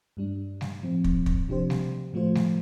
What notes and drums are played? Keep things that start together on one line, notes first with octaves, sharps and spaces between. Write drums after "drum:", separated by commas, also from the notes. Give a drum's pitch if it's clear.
G2 G3 D4
drum: snare G3
A2 F3 C4
drum: kick
drum: kick
C3 F3 D4 G4 C5
drum: snare G3
A2 F3 A3 F4 C5
drum: snare G3